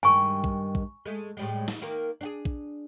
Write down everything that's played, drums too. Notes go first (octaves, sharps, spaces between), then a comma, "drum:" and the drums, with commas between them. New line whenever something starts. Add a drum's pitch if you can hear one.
G2 D#3 G#3 G#5 C#6
drum: kick
drum: kick
G#3 A3
A2 G3 G#3
drum: snare
D#3 A#3 A#4
D4 F#4 G#4
drum: kick